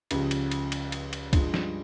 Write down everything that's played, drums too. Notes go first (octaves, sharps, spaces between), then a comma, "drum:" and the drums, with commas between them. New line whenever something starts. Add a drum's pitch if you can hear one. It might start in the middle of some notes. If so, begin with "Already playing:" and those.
C#2 C#3 F3 G4, drum: cymbal
drum: cymbal
drum: cymbal
drum: cymbal
drum: cymbal
drum: cymbal
G2 F3 G#3, drum: kick, cymbal
G3, drum: snare